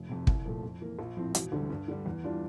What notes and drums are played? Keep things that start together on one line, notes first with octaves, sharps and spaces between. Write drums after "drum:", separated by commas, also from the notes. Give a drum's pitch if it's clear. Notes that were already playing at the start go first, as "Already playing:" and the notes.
Already playing: F1
F2 C3
C2, drum: kick
A#2 F3 A3
F2
E3 A#3
A#1
A2 F3 C4
E1, drum: hi-hat
D2 D3 G3
G2
D3 G3
E2
E3 G3 D4 F4